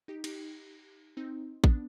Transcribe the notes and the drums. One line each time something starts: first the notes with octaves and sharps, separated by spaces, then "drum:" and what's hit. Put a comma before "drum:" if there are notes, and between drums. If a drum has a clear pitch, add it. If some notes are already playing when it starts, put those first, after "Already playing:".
D#4 G4
D#4 G4, drum: cymbal
C4 D#4
B3 D4, drum: kick A1